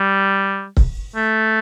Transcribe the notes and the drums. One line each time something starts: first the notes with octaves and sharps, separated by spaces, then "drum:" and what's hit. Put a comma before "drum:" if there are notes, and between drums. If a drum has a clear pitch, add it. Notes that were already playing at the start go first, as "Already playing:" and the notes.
Already playing: G3
drum: kick C#1
A3